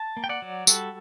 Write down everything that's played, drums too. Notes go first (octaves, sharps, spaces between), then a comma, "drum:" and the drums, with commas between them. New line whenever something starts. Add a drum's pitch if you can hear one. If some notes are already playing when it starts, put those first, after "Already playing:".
Already playing: A5
A#3
G5
D5 F#5
F#3
G3 F#4 A4, drum: tambourine